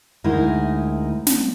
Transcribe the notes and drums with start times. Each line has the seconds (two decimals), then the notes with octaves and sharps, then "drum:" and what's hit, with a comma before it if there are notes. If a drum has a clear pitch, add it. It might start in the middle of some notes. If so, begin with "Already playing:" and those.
0.24 D2 G#3 D#4 E4 A#4
1.27 drum: snare